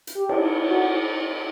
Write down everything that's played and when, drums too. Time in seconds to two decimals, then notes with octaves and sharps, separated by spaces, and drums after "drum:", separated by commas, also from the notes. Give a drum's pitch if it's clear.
0.07 drum: hi-hat
0.16 G4
0.29 drum: cymbal
0.71 F#4